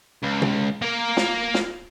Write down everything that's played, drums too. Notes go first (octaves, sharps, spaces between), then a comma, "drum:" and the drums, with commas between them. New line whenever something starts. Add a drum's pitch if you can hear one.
C#2
drum: tom
A#3 A#4
drum: snare
drum: snare